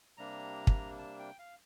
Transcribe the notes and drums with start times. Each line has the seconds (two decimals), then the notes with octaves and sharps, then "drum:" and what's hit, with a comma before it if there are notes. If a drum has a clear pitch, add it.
0.17 C3 G3 A#3 D4 A#5
0.67 drum: kick
0.98 A5
1.19 G5
1.39 F5